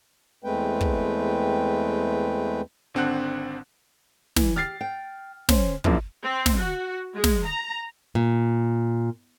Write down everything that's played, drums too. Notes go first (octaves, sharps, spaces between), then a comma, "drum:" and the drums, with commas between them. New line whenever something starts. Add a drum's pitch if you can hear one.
E2 G#3 A3 C4 B4 G5
drum: kick
G#1 D3 C4 D4 F#5 F#6
E3, drum: snare
G4 F6 A6 C7
G5
C#4 C5, drum: snare
A#1 F#2 F3 A#3 E4, drum: kick
C4
drum: snare
F#4
G#3
drum: snare
A#5
A#2